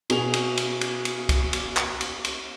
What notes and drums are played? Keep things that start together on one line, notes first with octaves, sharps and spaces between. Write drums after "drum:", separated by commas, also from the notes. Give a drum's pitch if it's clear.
B2 G#4 F7, drum: cymbal
drum: cymbal
drum: cymbal
drum: cymbal
drum: cymbal
drum: kick, cymbal
drum: cymbal
drum: clap
drum: cymbal
drum: cymbal